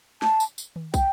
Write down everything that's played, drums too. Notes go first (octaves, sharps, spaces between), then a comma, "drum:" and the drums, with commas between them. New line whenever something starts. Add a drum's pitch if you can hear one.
A5, drum: snare
drum: tambourine
drum: tambourine
drum: tom D#3
G5, drum: kick, tambourine